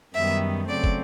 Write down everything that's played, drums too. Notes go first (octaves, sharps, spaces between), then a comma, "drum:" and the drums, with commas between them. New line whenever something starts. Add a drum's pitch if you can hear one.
F#2 D#3 G3 B3 E5
C#3 F#3 A3 C4 D5
drum: kick